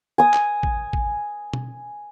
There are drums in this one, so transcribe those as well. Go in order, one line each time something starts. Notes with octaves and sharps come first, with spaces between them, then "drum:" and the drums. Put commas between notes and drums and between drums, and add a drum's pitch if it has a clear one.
G#5 D#6
drum: clap
drum: kick A1
drum: kick A1
drum: tom B2